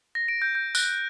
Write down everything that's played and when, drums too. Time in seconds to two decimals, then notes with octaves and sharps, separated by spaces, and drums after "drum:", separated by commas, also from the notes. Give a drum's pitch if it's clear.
0.15 A#6
0.28 D7
0.42 G6
0.55 G6
0.75 F#6, drum: tambourine